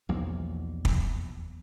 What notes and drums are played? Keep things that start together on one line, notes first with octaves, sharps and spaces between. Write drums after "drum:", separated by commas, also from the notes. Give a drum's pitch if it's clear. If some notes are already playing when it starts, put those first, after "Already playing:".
B1 E2 F3 A#3
drum: kick